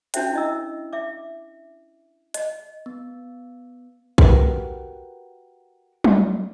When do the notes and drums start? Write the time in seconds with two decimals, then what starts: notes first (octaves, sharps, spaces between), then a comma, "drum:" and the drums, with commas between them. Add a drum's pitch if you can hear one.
0.14 C#4 D4 F#4 C5 E5 G5, drum: hi-hat
0.33 E4 D#5 E6
0.93 E5 D6
2.34 D#5, drum: hi-hat
2.86 B3
4.18 F#4 G4 A#4 B4, drum: kick A#1
6.04 drum: tom F#3